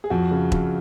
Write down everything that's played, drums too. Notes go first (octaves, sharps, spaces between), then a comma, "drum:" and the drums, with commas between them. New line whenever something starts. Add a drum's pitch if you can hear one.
G#4
F2 F#4
C#3
F2, drum: kick E1